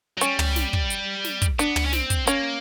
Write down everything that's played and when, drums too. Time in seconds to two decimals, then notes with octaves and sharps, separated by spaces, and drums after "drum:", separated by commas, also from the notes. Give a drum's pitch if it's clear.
0.18 F#3
0.21 G3 C#4, drum: hi-hat
0.39 drum: tom
0.56 drum: snare
0.73 drum: kick
0.90 drum: hi-hat
1.24 drum: snare
1.42 drum: kick, hi-hat
1.59 B3 D4, drum: hi-hat
1.76 drum: tom
1.86 C#4
1.93 C4, drum: snare
2.10 drum: kick, hi-hat
2.27 A#3 C#4, drum: hi-hat